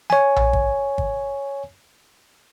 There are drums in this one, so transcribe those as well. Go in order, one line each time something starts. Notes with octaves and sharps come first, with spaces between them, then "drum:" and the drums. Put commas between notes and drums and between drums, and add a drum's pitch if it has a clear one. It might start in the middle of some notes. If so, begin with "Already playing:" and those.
C#5 G#5, drum: snare
drum: tom A#1
drum: kick G1
drum: kick G1